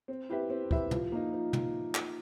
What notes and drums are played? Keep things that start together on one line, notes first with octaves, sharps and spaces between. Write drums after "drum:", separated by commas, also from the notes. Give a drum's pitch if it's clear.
C4
E4 G4 B4 E5
C4
E4 G4 B4 E5, drum: kick C#2
F3, drum: tom
A#3 D#4
F3
drum: tom
drum: clap